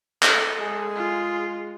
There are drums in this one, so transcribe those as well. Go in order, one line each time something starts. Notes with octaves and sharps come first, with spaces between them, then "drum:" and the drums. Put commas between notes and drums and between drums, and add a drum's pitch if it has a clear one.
A4 D#5, drum: clap
G#3 G#4
F4